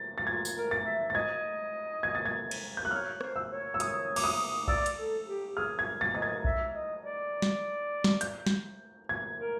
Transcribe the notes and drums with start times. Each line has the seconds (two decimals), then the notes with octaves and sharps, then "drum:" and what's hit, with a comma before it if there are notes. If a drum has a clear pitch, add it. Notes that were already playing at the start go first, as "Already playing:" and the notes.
Already playing: A6
0.18 A6
0.27 F4 G#6
0.45 drum: tambourine
0.57 A#4
0.71 A6
0.86 E5
1.10 A6
1.15 D#5 G#6
2.03 G#6
2.15 A6
2.26 G#6
2.51 drum: cymbal
2.77 G6
2.85 F#6
2.91 C#5 F6
3.21 C5, drum: rim click
3.36 E6
3.51 C#5
3.74 E6
3.80 D#6, drum: hi-hat
4.16 D6, drum: cymbal
4.24 D#6
4.68 D5 E6, drum: kick B1
4.86 drum: hi-hat
4.98 A4
5.26 G4
5.56 G#4 F6
5.79 G#6
6.01 A6
6.15 D#5 A6
6.22 G#6
6.45 E5, drum: kick B1
6.74 D#5
7.03 D5
7.42 drum: snare
8.04 drum: snare
8.21 G6, drum: hi-hat
8.47 drum: snare
9.09 G#6
9.38 A#4